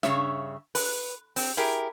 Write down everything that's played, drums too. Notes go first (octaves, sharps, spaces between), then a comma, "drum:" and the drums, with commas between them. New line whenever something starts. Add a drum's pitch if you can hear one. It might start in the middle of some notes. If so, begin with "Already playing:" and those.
G2 C#3 C#5 E5, drum: snare
B4, drum: open hi-hat
C4, drum: open hi-hat
E4 G4 G#4 A#4